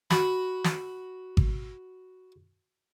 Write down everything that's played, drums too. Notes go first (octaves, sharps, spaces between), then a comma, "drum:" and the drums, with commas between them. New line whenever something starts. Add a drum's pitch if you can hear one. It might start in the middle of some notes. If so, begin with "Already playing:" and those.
F#4 B5, drum: snare
drum: snare
drum: kick G#1